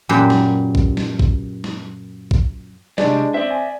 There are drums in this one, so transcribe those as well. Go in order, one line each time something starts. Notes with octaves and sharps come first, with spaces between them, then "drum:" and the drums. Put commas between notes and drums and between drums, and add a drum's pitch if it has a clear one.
F#2 A#2 G4 B4 C5
drum: snare
drum: kick A#1
drum: snare
drum: kick A#1
drum: snare
drum: kick A#1
C3 G#3 D4 G4 D5, drum: snare
C4 D5 E5
G#5